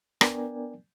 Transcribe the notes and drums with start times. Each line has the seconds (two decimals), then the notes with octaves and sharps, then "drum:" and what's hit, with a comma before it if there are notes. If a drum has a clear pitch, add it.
0.21 B3 D4 A#4 D5 G5 G#5, drum: rim click